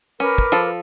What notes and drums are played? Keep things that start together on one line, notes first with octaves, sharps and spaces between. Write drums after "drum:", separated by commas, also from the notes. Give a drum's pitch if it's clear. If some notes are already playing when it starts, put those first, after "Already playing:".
C#4 A#4 B4 D6
drum: kick
F3 A4